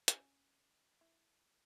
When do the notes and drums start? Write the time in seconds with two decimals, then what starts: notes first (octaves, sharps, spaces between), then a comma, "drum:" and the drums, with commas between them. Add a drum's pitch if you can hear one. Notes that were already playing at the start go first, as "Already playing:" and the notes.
0.08 C#4 G#5, drum: hi-hat
1.01 E4